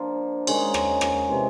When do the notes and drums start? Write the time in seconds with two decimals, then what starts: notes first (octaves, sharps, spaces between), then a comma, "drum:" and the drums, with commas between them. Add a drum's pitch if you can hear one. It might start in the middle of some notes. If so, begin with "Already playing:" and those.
Already playing: F3 A#3 D4 F4
0.47 D#3 G#3 C#4, drum: cymbal
0.74 drum: rim click
1.01 drum: rim click
1.28 C3 E3 G#3